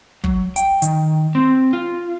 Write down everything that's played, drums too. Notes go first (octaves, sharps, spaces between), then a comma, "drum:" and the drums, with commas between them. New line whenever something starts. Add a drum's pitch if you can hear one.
F#3, drum: kick
G5, drum: hi-hat
D#3, drum: hi-hat
C4
F4